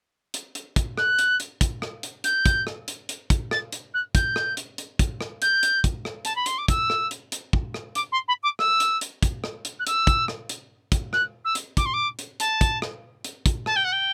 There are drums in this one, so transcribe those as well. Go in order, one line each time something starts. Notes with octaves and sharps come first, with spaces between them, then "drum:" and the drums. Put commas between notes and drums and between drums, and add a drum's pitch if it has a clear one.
drum: hi-hat
drum: hi-hat
drum: kick, hi-hat
F#6, drum: rim click
drum: hi-hat
drum: hi-hat
drum: kick, hi-hat
drum: rim click
drum: hi-hat
G6, drum: hi-hat
drum: kick, hi-hat
drum: rim click
drum: hi-hat
drum: hi-hat
drum: kick, hi-hat
A6, drum: rim click
drum: hi-hat
F#6
G6, drum: kick, hi-hat
drum: rim click
drum: hi-hat
drum: hi-hat
drum: kick, hi-hat
drum: rim click
G6, drum: hi-hat
drum: hi-hat
drum: kick, hi-hat
drum: rim click
A5, drum: hi-hat
B5
C6, drum: hi-hat
D6
E6, drum: kick, hi-hat
drum: rim click
drum: hi-hat
drum: hi-hat
drum: kick
drum: rim click
D6, drum: hi-hat
C6
B5
D6
E6, drum: rim click
drum: hi-hat
drum: hi-hat
drum: kick, hi-hat
drum: rim click
drum: hi-hat
F#6
E6, drum: hi-hat
drum: kick, hi-hat
drum: rim click
drum: hi-hat
drum: kick, hi-hat
F#6, drum: rim click
E6
drum: hi-hat
D6, drum: kick, hi-hat
C6
D6
drum: hi-hat
A5, drum: hi-hat
drum: kick, hi-hat
drum: rim click
drum: hi-hat
drum: kick, hi-hat
A5, drum: rim click
G5
F#5
G5